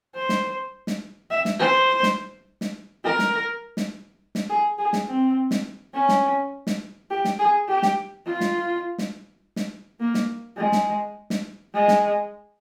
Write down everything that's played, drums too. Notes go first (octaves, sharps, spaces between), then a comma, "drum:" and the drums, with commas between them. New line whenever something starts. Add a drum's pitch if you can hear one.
C5
drum: snare
drum: snare
E5
drum: snare
C5
drum: snare
drum: snare
A#4
drum: snare
drum: snare
drum: snare
G#4
G#4
drum: snare
C4
drum: snare
C#4
drum: snare
drum: snare
G4
drum: snare
G#4
G4
drum: snare
F4
drum: snare
drum: snare
drum: snare
A#3
drum: snare
G#3
drum: snare
drum: snare
G#3
drum: snare